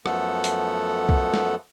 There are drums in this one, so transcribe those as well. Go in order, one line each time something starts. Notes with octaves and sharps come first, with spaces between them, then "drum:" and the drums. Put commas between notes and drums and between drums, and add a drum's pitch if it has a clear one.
F#2 F3 A3 B3 A4 F#5, drum: rim click
drum: hi-hat
drum: kick B1
drum: snare